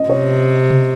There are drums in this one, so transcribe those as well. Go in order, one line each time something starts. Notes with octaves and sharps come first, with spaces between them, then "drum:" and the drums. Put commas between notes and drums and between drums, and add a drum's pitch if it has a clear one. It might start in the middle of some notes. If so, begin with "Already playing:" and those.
Already playing: D#5
C3 C#5
drum: tom C3